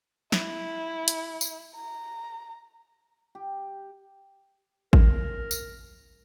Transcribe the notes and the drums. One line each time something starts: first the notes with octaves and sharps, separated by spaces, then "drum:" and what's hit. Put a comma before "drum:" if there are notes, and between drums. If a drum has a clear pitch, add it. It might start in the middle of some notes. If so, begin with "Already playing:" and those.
E4, drum: snare
drum: hi-hat
drum: tambourine
A#5
G4
A#4, drum: kick G#1
drum: tambourine